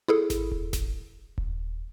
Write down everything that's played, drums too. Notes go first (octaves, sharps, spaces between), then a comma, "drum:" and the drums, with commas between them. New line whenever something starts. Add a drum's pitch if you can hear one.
E4 G#4 A4
drum: snare G#1
drum: kick D#1
drum: snare G#1
drum: kick D#1